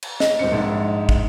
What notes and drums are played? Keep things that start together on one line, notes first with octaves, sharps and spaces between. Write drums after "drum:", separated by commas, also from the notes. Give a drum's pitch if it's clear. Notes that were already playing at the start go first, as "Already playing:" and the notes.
drum: cymbal
D#5, drum: snare
D#1 C4 C#7
A#1 G#2
drum: kick